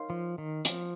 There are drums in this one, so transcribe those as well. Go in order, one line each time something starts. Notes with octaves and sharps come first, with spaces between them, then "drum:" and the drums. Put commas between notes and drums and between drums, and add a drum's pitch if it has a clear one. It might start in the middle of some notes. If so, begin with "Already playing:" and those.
Already playing: D#4 A#4 C#5 F5 C6
F3
D#3
F3, drum: hi-hat